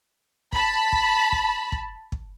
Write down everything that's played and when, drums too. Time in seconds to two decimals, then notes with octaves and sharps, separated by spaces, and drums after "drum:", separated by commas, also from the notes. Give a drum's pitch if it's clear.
0.53 A5 B5, drum: kick
0.92 drum: kick
1.32 drum: kick
1.72 drum: kick
2.12 drum: kick